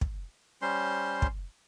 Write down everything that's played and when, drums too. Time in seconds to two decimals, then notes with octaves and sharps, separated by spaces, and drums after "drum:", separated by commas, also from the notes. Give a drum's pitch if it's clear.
0.01 drum: kick
0.62 G3 C#4 C5 C6
1.22 drum: kick